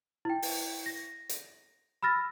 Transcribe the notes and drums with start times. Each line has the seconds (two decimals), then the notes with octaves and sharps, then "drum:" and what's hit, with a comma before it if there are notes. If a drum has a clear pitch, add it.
0.25 E4 G5
0.42 drum: open hi-hat
0.86 A#6
1.29 drum: hi-hat
2.03 B5 E6 F6 A6 A#6